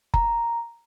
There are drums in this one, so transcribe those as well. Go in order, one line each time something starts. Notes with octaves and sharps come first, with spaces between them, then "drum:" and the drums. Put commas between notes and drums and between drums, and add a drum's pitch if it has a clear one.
A#5, drum: kick F#1